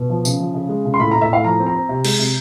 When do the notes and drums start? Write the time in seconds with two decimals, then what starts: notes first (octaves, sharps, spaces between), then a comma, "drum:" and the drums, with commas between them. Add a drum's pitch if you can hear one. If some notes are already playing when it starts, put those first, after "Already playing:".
Already playing: B2
0.09 F3
0.25 C#3, drum: tambourine
0.40 F3
0.54 C#3
0.69 G#3
0.85 C#3
0.94 C6
0.99 A2 B5
1.11 A2 A#5
1.21 E5
1.29 A2 F5
1.44 F3 A#5
1.60 C4
1.66 A#5
1.75 C4
1.89 C3
2.05 G#3, drum: cymbal
2.19 C3